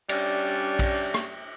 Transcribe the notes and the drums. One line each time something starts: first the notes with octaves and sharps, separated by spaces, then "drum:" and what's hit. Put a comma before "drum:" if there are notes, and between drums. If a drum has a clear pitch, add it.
G3 C#4 D4, drum: cymbal
drum: kick A#1, cymbal
drum: rim click